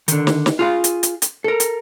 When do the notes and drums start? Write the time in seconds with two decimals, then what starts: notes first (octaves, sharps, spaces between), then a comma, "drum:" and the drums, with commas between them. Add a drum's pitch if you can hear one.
0.08 D3 D#3, drum: hi-hat
0.27 drum: snare
0.46 drum: snare
0.59 F4 G#4 F5
0.84 drum: hi-hat
1.03 drum: hi-hat
1.22 drum: hi-hat
1.44 A4 A#4
1.60 drum: hi-hat